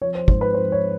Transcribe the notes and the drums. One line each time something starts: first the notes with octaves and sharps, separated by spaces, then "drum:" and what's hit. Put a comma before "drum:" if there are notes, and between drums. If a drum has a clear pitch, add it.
F3 C#5
C5
G#2 C5, drum: kick
B4
F3 C5
C#5